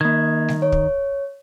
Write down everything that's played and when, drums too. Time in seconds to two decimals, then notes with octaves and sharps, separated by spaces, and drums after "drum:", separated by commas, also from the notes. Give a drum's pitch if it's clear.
0.01 D#3 A#3 G#6
0.48 drum: snare
0.62 C#5
0.72 drum: kick